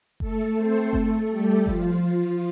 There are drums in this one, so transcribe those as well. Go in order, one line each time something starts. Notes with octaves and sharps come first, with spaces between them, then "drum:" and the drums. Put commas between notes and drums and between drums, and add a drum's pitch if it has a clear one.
A3 A4, drum: kick F#1
C4 C5
A3 A4, drum: kick F#1
G3 G4
F3 F4, drum: kick F#1